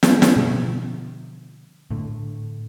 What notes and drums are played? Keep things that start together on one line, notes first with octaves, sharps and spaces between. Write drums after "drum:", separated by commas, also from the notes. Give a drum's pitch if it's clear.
drum: snare
drum: snare
B2 D3 F3 G3
A2 D3 A3